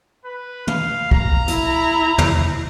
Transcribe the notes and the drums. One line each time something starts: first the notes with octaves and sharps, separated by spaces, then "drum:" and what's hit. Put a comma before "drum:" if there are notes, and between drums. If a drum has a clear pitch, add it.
B4
F5, drum: tom
A#5, drum: kick
E4, drum: hi-hat
drum: tom